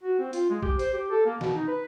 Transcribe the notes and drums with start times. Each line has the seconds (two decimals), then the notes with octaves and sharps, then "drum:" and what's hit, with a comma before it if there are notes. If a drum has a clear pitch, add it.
0.03 F#4
0.19 C4
0.33 F4, drum: hi-hat
0.50 G#3
0.62 G4, drum: kick A#1
0.79 C5, drum: hi-hat
0.94 G4
1.11 A4
1.26 A#3
1.41 B2, drum: snare E3
1.55 D#4
1.68 B4